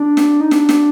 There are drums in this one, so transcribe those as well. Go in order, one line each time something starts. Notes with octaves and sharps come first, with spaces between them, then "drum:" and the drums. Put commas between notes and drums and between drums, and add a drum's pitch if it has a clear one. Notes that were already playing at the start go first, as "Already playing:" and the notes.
Already playing: D4
drum: snare
D#4
D4, drum: snare
drum: snare